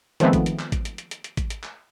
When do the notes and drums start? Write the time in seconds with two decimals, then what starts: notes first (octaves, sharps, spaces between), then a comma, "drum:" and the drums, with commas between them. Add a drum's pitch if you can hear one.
0.20 D#3 F3 G#3 A3 B3 C4, drum: hi-hat
0.33 drum: kick, hi-hat
0.46 drum: hi-hat
0.59 drum: clap
0.72 drum: kick, hi-hat
0.85 drum: hi-hat
0.98 drum: hi-hat
1.11 drum: hi-hat
1.24 drum: hi-hat
1.37 drum: kick, hi-hat
1.50 drum: hi-hat
1.63 drum: clap